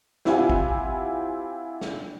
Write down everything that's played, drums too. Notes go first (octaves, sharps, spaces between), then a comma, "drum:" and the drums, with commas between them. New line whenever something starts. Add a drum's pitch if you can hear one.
C4 E4 F4 G4 F#5 G#5, drum: snare
drum: kick
drum: snare